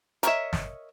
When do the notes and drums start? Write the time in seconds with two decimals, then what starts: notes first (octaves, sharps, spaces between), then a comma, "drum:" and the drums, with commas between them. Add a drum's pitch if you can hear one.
0.23 A#4 B4 C#5 D#5 E5, drum: hi-hat
0.53 drum: snare